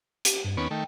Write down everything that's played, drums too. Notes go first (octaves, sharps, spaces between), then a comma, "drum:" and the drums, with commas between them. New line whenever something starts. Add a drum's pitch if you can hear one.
G4, drum: hi-hat
G2
D#2 B3 C#4 D7
D#3 A3 G5